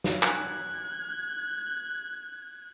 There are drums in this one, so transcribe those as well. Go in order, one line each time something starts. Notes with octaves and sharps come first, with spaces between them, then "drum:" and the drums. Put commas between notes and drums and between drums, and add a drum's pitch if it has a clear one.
drum: snare
F#6 G#6, drum: clap